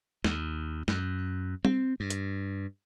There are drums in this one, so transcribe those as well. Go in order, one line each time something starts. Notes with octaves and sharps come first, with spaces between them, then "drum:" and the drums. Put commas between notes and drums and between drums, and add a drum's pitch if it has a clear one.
D#2, drum: snare
F#2, drum: snare
C4, drum: tom
G2
drum: hi-hat